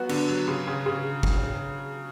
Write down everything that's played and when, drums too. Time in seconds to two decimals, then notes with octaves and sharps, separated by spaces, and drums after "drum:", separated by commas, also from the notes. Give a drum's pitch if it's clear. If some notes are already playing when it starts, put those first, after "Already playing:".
Already playing: F#3 B3 F#4
0.09 D3, drum: cymbal
0.29 F#3
0.48 C#3
0.67 C#3
0.86 C#3
1.23 drum: kick